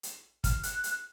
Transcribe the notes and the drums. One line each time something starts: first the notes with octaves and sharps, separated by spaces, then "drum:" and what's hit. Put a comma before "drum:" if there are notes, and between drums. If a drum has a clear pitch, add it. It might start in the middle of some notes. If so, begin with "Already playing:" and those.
drum: hi-hat
F6, drum: kick, hi-hat
F#6, drum: hi-hat
drum: hi-hat